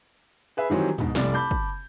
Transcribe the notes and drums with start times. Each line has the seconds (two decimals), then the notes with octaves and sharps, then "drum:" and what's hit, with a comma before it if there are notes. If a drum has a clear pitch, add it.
0.57 G#4 B4 E5
0.70 D#3 E3 F#3 G3 C4
0.98 G#2 B2, drum: tom
1.15 F1 C2 D5, drum: snare
1.33 A5 B5 D6 G6
1.51 drum: kick